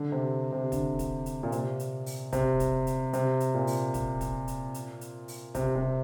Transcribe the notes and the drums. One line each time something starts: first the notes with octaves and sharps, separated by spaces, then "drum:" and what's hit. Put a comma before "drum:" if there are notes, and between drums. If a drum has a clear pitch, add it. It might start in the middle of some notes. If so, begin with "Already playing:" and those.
Already playing: D3
C3
C3
D3, drum: kick, hi-hat
drum: kick, hi-hat
drum: hi-hat
A#2
C3, drum: hi-hat
drum: hi-hat
drum: open hi-hat
C3, drum: kick, hi-hat
drum: kick, hi-hat
drum: hi-hat
C3, drum: hi-hat
drum: hi-hat
A#2
drum: open hi-hat
drum: kick, hi-hat
drum: kick, hi-hat
drum: hi-hat
drum: hi-hat
drum: hi-hat
drum: open hi-hat
C3, drum: kick, hi-hat
C3